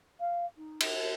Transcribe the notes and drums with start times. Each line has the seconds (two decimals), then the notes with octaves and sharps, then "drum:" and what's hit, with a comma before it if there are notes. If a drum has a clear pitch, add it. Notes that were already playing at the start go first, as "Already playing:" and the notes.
0.20 F5
0.57 D#4
0.80 drum: cymbal